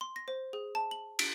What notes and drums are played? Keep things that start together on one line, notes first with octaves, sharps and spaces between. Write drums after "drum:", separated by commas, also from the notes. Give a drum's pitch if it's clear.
C6
A#6
C5
G#4
A5
F#7
D7, drum: cymbal